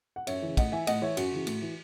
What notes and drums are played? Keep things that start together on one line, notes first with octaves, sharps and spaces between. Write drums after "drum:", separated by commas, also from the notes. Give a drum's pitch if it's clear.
F#5
F#2 C#5 E5, drum: cymbal
C#3 E3
A2 D#5 F#5, drum: kick, cymbal
E3 E5 G#5
A2 D#5 F#5, drum: cymbal
E3 C#5 E5
F#2 F#4, drum: cymbal
C#3 E3
A2, drum: cymbal
E3